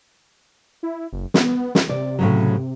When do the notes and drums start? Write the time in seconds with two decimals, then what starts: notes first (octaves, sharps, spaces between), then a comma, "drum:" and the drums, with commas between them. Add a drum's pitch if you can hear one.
0.83 E4
1.12 F#1
1.34 B3, drum: snare
1.75 drum: snare
1.89 C3 D5
2.19 A2 C#3 F#3